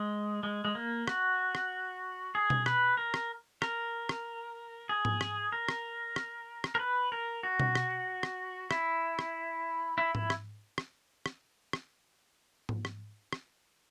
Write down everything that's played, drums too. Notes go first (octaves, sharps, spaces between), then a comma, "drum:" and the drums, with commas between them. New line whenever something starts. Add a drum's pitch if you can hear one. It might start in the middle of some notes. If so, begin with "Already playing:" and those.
Already playing: G#3
G#3
G#3
A#3
F#4, drum: rim click
drum: rim click
G#4
drum: tom B2
B4, drum: rim click
A#4
drum: rim click
A#4, drum: rim click
drum: rim click
G#4
drum: tom G#2
drum: rim click
A#4
drum: rim click
drum: rim click
drum: rim click
A#4
B4
A#4
F#4
drum: tom B2
drum: rim click
drum: rim click
E4, drum: rim click
drum: rim click
E4
E4, drum: tom G#2
drum: rim click
drum: rim click
drum: rim click
drum: rim click
drum: tom G#2
drum: rim click
drum: rim click